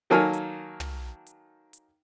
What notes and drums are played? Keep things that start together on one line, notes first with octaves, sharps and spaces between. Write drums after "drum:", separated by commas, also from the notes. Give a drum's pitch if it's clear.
D#3 F#3 A#3 A4 G#5 F6
drum: hi-hat
drum: tom
drum: hi-hat
drum: hi-hat